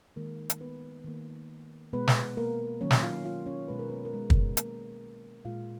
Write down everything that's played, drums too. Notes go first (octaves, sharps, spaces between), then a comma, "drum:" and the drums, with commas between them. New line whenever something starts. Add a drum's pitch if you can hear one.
D#3 G#3 A#3 A#4
drum: hi-hat
B3 B4
D#3 A#3
B2 G#3 B3 B4
drum: snare
A#3 A#4
D#3 F#3 A#3 C#4 C#5
drum: snare
F4 F5
F4 F5
C#4 C#5
B2 G#3 B4
A#4
B3 B4
A#4
G#3 G#4
drum: kick
D#3 G#3 A#3 A#4, drum: hi-hat
A#2 G#3 F4 F5